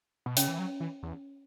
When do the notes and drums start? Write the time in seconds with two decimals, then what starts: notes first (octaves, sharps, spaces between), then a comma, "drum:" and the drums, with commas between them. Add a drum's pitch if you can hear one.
0.26 B2
0.37 C#3 C#4 C#5, drum: hi-hat
0.48 E3
0.59 F#3
0.80 E3
1.03 E2